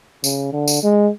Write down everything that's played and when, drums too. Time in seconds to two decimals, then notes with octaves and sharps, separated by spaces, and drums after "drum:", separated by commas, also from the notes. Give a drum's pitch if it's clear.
0.24 C#3, drum: tambourine
0.53 D3
0.68 drum: tambourine
0.83 G#3